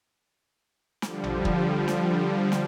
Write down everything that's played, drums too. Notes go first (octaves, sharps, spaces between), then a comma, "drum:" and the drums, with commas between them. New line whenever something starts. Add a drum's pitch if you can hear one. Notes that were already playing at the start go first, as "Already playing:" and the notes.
D3 F3 G3, drum: snare
drum: tom A1
drum: kick
drum: snare
drum: snare